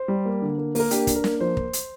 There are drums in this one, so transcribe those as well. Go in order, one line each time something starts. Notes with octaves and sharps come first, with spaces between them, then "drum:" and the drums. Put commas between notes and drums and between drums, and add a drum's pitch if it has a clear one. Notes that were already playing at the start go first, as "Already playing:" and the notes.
Already playing: C5
G3
A#3
D3
A#3
A#3 A#4, drum: open hi-hat
D4 G4, drum: hi-hat
D4, drum: kick, hi-hat
A#4
A#3, drum: snare
F3 C5
drum: kick
drum: hi-hat